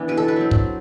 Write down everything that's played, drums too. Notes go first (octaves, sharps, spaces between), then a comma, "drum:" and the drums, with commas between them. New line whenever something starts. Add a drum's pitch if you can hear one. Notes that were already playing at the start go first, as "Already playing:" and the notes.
Already playing: E3 B3 D4
B2 B4
A4
B4
F#3 C4
drum: kick